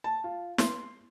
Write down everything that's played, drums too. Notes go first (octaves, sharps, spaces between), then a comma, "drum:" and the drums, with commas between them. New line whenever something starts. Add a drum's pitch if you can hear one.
A5
F4
C6, drum: snare